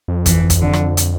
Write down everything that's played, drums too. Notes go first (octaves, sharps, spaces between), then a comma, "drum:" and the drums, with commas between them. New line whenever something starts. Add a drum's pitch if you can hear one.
F2
E3, drum: kick, hi-hat
drum: kick, hi-hat
D3
drum: rim click
drum: hi-hat